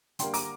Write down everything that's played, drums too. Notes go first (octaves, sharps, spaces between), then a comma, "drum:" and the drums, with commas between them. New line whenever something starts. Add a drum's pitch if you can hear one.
D3 G3 A#3 G5 C6, drum: hi-hat
A#5 D6, drum: open hi-hat